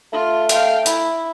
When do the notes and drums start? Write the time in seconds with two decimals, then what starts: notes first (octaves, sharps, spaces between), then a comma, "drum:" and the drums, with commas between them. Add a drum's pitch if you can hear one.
0.13 A3 F4
0.49 F5 G5, drum: hi-hat
0.86 E4, drum: hi-hat